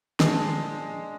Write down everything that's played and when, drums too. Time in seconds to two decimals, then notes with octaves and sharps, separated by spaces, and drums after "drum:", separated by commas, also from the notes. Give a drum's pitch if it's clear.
0.20 A#2 F3 G#3 D4, drum: snare